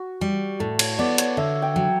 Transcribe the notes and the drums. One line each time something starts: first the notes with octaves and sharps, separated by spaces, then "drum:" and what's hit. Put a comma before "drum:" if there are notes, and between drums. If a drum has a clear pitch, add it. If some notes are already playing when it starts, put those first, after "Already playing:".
Already playing: F#4
G3
A2 A4
C#5, drum: cymbal
B3 D5
C#5, drum: hi-hat
D3 E5
G5
F#3